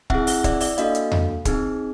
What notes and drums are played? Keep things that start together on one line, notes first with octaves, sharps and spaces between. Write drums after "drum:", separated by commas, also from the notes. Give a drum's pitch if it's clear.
C4 E4 G#4 E5 F#5, drum: kick
E5 F#5, drum: open hi-hat
D5 E5, drum: kick, hi-hat
D5 E5, drum: open hi-hat
A#3 D4 F#4 A4 D#5 F5, drum: hi-hat
drum: hi-hat
drum: tom E2
C4 D#4 G#4, drum: kick, hi-hat